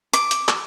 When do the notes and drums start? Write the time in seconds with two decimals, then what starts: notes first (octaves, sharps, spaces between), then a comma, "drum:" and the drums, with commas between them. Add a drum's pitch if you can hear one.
0.13 D6, drum: hi-hat
0.31 drum: hi-hat
0.48 drum: clap